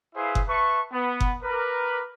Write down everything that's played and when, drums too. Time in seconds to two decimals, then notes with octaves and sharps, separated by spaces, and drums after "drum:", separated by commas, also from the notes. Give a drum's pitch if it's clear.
0.15 E4 G#4 B4 C5 E5 F5
0.35 drum: kick F#1
0.47 B4 E5 A5 C#6
0.92 B3
1.20 drum: kick F#1
1.43 A#4 B4 D6